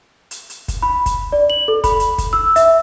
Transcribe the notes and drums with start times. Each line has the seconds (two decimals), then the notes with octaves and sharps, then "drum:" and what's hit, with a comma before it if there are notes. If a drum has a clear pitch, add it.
0.31 drum: hi-hat
0.50 drum: hi-hat
0.68 drum: kick, hi-hat
0.82 B5
1.06 drum: kick, hi-hat
1.32 D5
1.50 F#7
1.68 A4
1.84 B5, drum: kick, hi-hat
2.00 drum: hi-hat
2.18 drum: kick, hi-hat
2.33 E6
2.56 E5, drum: hi-hat